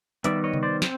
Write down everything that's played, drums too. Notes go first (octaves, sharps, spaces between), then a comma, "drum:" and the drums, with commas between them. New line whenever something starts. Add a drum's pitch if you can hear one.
D#3 G3 B3 D5 E5, drum: hi-hat
C#5 D#5
drum: tom C3
C5 D5
C4, drum: snare